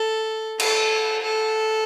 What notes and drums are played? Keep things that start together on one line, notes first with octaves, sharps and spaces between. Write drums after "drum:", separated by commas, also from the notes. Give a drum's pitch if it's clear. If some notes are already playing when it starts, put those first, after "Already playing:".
Already playing: A4
A4, drum: cymbal
A4